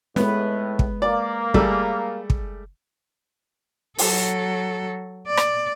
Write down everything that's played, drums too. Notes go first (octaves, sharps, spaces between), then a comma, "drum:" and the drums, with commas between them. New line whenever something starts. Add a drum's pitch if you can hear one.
A2 G#3 B3 B4, drum: snare
drum: kick
A#3 D5
G3 A3 G#4 A4, drum: kick
drum: kick
F#3 A4, drum: open hi-hat
D5
drum: rim click